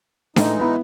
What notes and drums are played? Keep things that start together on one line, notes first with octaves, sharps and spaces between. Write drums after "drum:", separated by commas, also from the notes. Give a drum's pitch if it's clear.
A2 E3 G#3 D#4, drum: snare D4
B3 E4